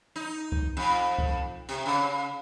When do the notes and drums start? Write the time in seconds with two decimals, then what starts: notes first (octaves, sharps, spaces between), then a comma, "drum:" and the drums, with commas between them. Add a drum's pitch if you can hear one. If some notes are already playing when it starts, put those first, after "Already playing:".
0.16 D#4
0.52 drum: kick C2
0.77 F2
1.18 drum: kick C2
1.69 C3, drum: hi-hat
1.85 C#3